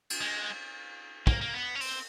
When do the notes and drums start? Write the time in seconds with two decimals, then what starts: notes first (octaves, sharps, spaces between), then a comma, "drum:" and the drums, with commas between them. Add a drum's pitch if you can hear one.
0.10 drum: cymbal
0.21 G#3
1.27 A#3, drum: kick
1.41 A#3
1.54 B3
1.75 C#4
1.81 C4, drum: open hi-hat